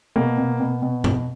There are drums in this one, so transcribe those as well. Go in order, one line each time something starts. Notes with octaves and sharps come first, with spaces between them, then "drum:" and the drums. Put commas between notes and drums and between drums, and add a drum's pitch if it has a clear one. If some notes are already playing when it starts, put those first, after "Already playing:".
B2 A#3
B2
B2
B2
B2, drum: tom G2